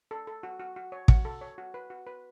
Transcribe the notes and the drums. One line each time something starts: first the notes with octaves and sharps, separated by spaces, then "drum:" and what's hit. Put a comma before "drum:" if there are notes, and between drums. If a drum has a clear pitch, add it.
A4
A4
F#4
F#4
F#4
C#5
F#4 C#6, drum: kick
A4
C#5
F#4
B4
F#4
B4